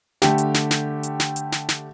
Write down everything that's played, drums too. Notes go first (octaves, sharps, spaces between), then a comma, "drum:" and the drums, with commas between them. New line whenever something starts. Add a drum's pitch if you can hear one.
D3 A3 G4, drum: snare
drum: hi-hat
drum: snare
drum: snare
drum: hi-hat
drum: snare
drum: hi-hat
drum: snare
drum: snare